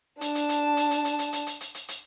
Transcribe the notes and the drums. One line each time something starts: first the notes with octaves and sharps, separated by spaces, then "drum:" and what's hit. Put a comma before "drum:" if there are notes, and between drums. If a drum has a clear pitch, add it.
D4 A5, drum: hi-hat
drum: hi-hat
drum: hi-hat
drum: hi-hat
drum: hi-hat
drum: hi-hat
drum: hi-hat
drum: hi-hat
drum: hi-hat
drum: hi-hat
drum: hi-hat
drum: hi-hat